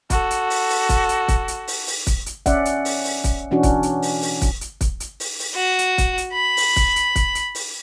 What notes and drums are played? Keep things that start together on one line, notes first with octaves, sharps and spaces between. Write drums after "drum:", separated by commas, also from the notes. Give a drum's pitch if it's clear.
F#4 A4, drum: kick, hi-hat
drum: hi-hat
drum: open hi-hat
drum: open hi-hat
drum: kick, hi-hat
drum: hi-hat
drum: kick, hi-hat
drum: hi-hat
drum: open hi-hat
drum: open hi-hat
drum: kick, hi-hat
drum: hi-hat
C#4 D5 E5 F#5, drum: kick, hi-hat
drum: hi-hat
drum: open hi-hat
drum: open hi-hat
drum: kick, hi-hat
B2 E3 C#4 D4 F#4
drum: kick, hi-hat
drum: hi-hat
drum: open hi-hat
drum: open hi-hat
drum: kick, hi-hat
drum: hi-hat
drum: kick, hi-hat
drum: hi-hat
drum: open hi-hat
drum: open hi-hat
F#4
drum: hi-hat
drum: kick, hi-hat
drum: hi-hat
B5
drum: open hi-hat
drum: kick, hi-hat
drum: hi-hat
drum: kick, hi-hat
drum: hi-hat
drum: open hi-hat